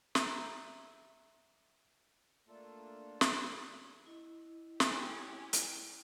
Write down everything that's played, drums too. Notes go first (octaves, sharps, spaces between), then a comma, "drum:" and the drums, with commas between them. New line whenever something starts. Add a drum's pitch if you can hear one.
E5 A#5 E6 G6 D#7, drum: snare
A3 A#3 D4 F4 A4
drum: snare
E4 D#5 E6
C#4 G4, drum: snare
drum: hi-hat